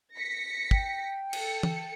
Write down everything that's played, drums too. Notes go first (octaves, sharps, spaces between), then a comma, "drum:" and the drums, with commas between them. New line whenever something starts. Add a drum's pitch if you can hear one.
A#6 B6 C#7
G5, drum: kick
A4 C#7, drum: cymbal
drum: tom